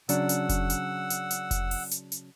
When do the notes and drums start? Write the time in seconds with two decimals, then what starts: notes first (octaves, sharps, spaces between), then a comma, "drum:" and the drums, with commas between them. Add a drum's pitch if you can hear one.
0.09 C#3 F#3 D4 F#5 E6, drum: hi-hat
0.29 drum: hi-hat
0.49 drum: kick F1, hi-hat
0.70 drum: hi-hat
1.10 drum: hi-hat
1.31 drum: hi-hat
1.51 drum: kick F1, hi-hat
1.71 drum: open hi-hat
1.91 drum: hi-hat
2.12 drum: hi-hat